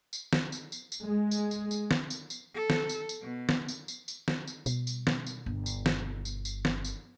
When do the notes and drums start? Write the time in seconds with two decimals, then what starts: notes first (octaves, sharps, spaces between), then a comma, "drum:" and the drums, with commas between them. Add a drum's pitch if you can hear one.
0.13 drum: tambourine
0.33 drum: snare
0.52 drum: tambourine
0.72 drum: tambourine
0.92 drum: tambourine
1.04 G#3
1.31 drum: tambourine
1.51 drum: tambourine
1.71 drum: tambourine
1.91 drum: snare
2.10 drum: tambourine
2.30 drum: tambourine
2.55 A4
2.70 drum: snare
2.89 drum: tambourine
3.09 drum: tambourine
3.21 B2
3.49 drum: snare
3.68 drum: tambourine
3.88 drum: tambourine
4.08 drum: tambourine
4.28 drum: snare
4.47 drum: tambourine
4.66 B2 G3, drum: tambourine
4.87 drum: tambourine
5.07 drum: snare
5.27 drum: tambourine
5.46 G1
5.66 drum: tambourine
5.86 drum: snare
6.25 drum: tambourine
6.45 drum: tambourine
6.65 drum: snare
6.85 drum: tambourine